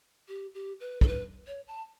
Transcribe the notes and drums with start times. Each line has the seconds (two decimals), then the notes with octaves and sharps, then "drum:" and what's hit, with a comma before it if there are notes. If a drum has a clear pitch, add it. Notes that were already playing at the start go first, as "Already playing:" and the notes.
0.28 G4
0.54 G4
0.80 B4
1.01 A4, drum: kick
1.07 B4
1.47 C#5
1.68 A5